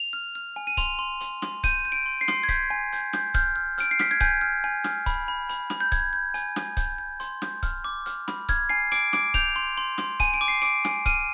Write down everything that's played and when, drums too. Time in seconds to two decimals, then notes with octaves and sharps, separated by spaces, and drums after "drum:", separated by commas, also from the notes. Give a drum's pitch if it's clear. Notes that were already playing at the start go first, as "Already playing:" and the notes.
Already playing: F7
0.13 F6
0.35 F6
0.56 G#5
0.67 D#7
0.77 C6 F7, drum: kick C#1, hi-hat
0.99 C6
1.21 C6, drum: hi-hat
1.42 C6, drum: snare
1.64 G6 D#7, drum: kick C#1, hi-hat
1.85 G6
1.92 D7
2.06 C6
2.21 C7
2.28 C6, drum: snare
2.44 G#6
2.49 G6 B6, drum: kick C#1, hi-hat
2.70 G#5
2.93 G6, drum: hi-hat
3.13 G6, drum: snare
3.34 F6 G6, drum: kick C#1, hi-hat
3.56 F6
3.78 F6 D7, drum: hi-hat
3.91 C7
3.99 F6 B6, drum: snare
4.11 G#6
4.21 G#5 G6, drum: kick C#1, hi-hat
4.41 F6
4.64 G#5
4.84 F6, drum: snare
5.06 B5, drum: kick C#1, hi-hat
5.28 B5
5.49 B5, drum: hi-hat
5.70 B5, drum: snare
5.80 G6
5.92 G6 G#6, drum: kick C#1, hi-hat
6.13 G6
6.34 G#5, drum: hi-hat
6.56 G#5, drum: snare
6.77 G6, drum: kick C#1, hi-hat
6.98 G6
7.20 C6, drum: hi-hat
7.42 G6, drum: snare
7.63 F6, drum: kick C#1, hi-hat
7.84 D6
8.06 F6, drum: hi-hat
8.28 B5, drum: snare
8.49 F6 G#6, drum: kick C#1, hi-hat
8.69 G#5 C7
8.92 D6 D7, drum: hi-hat
9.13 D6 D7, drum: snare
9.34 G6 F7, drum: kick C#1, hi-hat
9.56 C6
9.78 C6
9.98 C6, drum: snare
10.20 G#5 D#7, drum: kick C#1, hi-hat
10.34 D7
10.41 D6
10.48 C7
10.62 D6 D7, drum: hi-hat
10.85 G#5, drum: snare
11.06 F6 D#7, drum: kick C#1, hi-hat